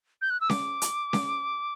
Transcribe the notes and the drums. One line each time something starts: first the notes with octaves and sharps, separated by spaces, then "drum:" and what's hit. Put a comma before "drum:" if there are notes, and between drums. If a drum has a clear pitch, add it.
G6
F#6
E6
D6, drum: snare C#4
drum: hi-hat
drum: snare C#4